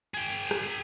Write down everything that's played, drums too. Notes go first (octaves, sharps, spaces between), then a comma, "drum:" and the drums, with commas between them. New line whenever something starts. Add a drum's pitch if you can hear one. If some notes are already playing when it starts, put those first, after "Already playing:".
G#4 G5, drum: hi-hat
drum: rim click